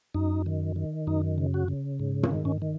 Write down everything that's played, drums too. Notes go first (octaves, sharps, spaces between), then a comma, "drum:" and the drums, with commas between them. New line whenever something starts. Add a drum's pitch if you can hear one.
F#2 D#4
D#3
D#3
F#2 D#4
C#3
F#4
C#3
G#2
C#4, drum: tom
D#3
C#4
D#3